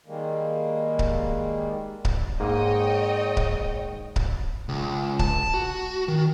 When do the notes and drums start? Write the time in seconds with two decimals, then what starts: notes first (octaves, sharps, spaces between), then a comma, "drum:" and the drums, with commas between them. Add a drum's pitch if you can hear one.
0.06 D#3 G3 G#3 A#3
0.99 drum: kick C#1
2.05 drum: kick C#1
2.40 G#2 A#3 C#5 D#5 G5
3.37 drum: kick C#1
4.16 drum: kick C#1
4.69 C#2
5.19 A5, drum: kick C#1
5.54 F#4
6.08 D#3